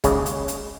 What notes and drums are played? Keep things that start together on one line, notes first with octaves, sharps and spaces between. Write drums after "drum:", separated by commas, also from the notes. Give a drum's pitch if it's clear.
D#2 C#3 G#3, drum: kick, hi-hat
drum: hi-hat
drum: hi-hat